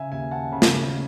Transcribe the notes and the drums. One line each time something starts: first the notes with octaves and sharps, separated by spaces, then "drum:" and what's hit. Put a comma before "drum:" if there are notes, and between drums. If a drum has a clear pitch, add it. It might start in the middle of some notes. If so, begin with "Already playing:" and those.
Already playing: C#3 E5 G#5
D#2 E5 G#5
F#5 A5
C#3
drum: snare